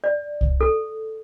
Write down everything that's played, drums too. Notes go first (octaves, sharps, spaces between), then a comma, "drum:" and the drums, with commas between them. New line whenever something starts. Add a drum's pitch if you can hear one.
D5
drum: kick C2
A4